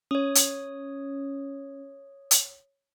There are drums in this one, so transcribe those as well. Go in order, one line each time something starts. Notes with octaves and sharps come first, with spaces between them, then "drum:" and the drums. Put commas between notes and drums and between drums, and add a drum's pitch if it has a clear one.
C#4 C#5 D#6
drum: hi-hat
drum: hi-hat